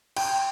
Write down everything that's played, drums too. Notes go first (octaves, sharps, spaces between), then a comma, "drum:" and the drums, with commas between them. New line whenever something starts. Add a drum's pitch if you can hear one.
G5, drum: cymbal